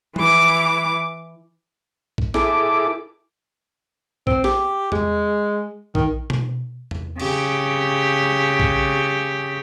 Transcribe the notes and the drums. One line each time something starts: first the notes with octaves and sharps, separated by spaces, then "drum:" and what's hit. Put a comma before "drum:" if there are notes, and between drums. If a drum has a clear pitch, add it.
E3 D6, drum: tom F3
drum: kick
E4 G#4 A4 D6, drum: snare
C4, drum: kick
G4, drum: snare
G#3, drum: tom E2
D#3, drum: kick
drum: tom B2
drum: tom E2
C#3 G4, drum: cymbal
drum: kick